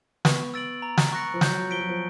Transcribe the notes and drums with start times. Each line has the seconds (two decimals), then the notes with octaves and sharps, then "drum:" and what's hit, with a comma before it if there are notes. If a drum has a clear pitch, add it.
0.25 B3 C#6, drum: snare
0.54 E6 A6 D7 F#7
0.82 A#5
0.98 drum: snare
1.12 C#6 F#6 A#6 C#7
1.34 F3
1.41 F#3 G6, drum: snare
1.70 F3 B6 D7 G7
1.80 F#3
1.89 F3